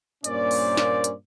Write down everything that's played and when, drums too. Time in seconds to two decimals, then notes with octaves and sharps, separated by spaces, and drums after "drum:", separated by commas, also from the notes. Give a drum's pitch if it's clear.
0.24 G2 A#2 A#3 C#4 C5 D5, drum: hi-hat
0.51 drum: open hi-hat
0.77 drum: snare
1.04 drum: hi-hat